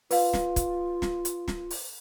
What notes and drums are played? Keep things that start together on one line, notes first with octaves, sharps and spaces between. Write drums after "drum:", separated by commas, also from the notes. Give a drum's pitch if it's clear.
F4 B4 F5, drum: open hi-hat
drum: snare
drum: kick, hi-hat
drum: snare
drum: hi-hat
drum: snare
drum: open hi-hat